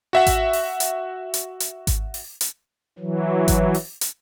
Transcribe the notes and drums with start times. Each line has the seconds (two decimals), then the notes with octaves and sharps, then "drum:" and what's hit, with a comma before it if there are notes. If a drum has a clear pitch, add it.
0.13 F#4 E5 F#5
0.27 drum: kick G#1, hi-hat
0.53 drum: open hi-hat
0.80 drum: hi-hat
1.34 drum: hi-hat
1.60 drum: hi-hat
1.87 drum: kick G#1, hi-hat
2.14 drum: open hi-hat
2.41 drum: hi-hat
2.99 E3 F#3
3.48 drum: kick G#1, hi-hat
3.74 drum: open hi-hat
4.01 drum: hi-hat